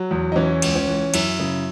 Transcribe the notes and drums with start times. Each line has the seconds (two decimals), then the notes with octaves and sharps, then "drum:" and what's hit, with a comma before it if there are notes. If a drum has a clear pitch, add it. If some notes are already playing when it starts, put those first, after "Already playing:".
Already playing: F#3
0.11 E2
0.32 D#4
0.36 E3 C#4
0.62 C#2, drum: cymbal
0.76 C#4
0.88 E3
1.14 F#2 E4, drum: cymbal
1.39 C#3